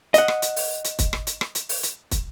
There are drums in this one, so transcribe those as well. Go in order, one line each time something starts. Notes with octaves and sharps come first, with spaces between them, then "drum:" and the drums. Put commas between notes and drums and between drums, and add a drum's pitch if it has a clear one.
D#5 F#5, drum: hi-hat
drum: rim click
drum: hi-hat
drum: open hi-hat
drum: hi-hat
drum: kick, hi-hat
drum: rim click
drum: hi-hat
drum: rim click
drum: hi-hat
drum: open hi-hat
drum: hi-hat
drum: kick, hi-hat